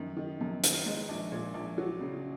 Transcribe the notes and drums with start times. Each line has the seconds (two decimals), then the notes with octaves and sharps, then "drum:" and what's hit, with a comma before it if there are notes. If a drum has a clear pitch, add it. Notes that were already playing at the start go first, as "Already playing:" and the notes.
Already playing: F#2 D#3
0.17 D#3
0.41 F#2
0.64 D#3, drum: hi-hat
0.86 G#3
1.09 A#1
1.32 A#2
1.54 A#1
1.78 F#3
2.01 C#3